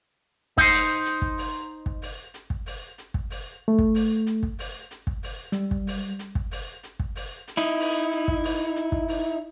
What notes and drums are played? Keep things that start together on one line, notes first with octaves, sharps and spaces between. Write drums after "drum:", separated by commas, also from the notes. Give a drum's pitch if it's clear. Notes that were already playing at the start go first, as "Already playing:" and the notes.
D#4 C5, drum: kick
drum: open hi-hat
drum: hi-hat
drum: kick
drum: open hi-hat
drum: kick
drum: open hi-hat
drum: hi-hat
drum: kick
drum: open hi-hat
drum: hi-hat
drum: kick
drum: open hi-hat
A3
drum: kick
drum: open hi-hat
drum: hi-hat
drum: kick
drum: open hi-hat
drum: hi-hat
drum: kick
drum: open hi-hat
G3, drum: hi-hat
drum: kick
drum: open hi-hat
drum: hi-hat
drum: kick
drum: open hi-hat
drum: hi-hat
drum: kick
drum: open hi-hat
drum: hi-hat
D#4 E4
drum: open hi-hat
drum: hi-hat
drum: kick
drum: open hi-hat
drum: hi-hat
drum: kick
drum: open hi-hat